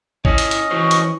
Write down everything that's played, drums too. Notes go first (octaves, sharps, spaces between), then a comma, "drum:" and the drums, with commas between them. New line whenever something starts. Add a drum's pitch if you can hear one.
C#4 E4 C#5 D#5, drum: kick A1
drum: hi-hat
drum: hi-hat
E3 E4 F#4 C5 C#6
drum: hi-hat